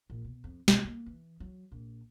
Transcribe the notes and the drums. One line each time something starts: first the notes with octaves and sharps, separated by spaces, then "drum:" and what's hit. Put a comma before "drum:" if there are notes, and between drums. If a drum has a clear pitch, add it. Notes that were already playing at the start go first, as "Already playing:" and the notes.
A#1
B2
F2
B2, drum: snare
A#3
E3
F#3
A#1